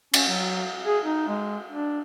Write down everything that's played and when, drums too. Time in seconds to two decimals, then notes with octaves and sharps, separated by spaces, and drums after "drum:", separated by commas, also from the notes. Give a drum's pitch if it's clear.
0.14 C#4, drum: cymbal
0.28 F#3
0.86 G#4
1.05 D#4
1.28 G#3
1.70 D4